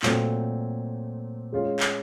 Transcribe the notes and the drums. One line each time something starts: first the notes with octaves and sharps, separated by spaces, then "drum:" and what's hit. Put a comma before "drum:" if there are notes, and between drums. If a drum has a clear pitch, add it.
A#2 F#3 A3 C4, drum: clap
G#3 C#4 F4
drum: clap